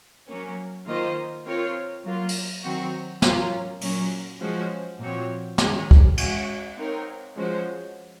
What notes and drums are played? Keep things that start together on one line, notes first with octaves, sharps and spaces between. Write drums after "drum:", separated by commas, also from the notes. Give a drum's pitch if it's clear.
F#3 A#3 C#4
D#3 A#3 F4 C5 D#5
C4 F4 A#4 C#5
F#3 A#3 F4
drum: open hi-hat
D#3 F#3 C4 F#4
F#3 C#4 F4 A#4, drum: snare
A#2 F#3 A#3 C#4, drum: open hi-hat
F3 G#3 C#4 F#4 C5
A#2 F3 C4 F#4 C#5
D#3 G#3 C#4 G#4, drum: snare
drum: kick
G#3 C#4 F#4, drum: cymbal
C4 D#4 A#4 C#5
F3 G#3 C#4 F#4 C5